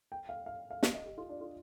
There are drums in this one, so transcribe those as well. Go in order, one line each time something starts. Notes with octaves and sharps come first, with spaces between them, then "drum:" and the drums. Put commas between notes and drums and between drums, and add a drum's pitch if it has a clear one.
G5
F5
F5
F5
F5, drum: snare
D#5
G4
F4
D4
F4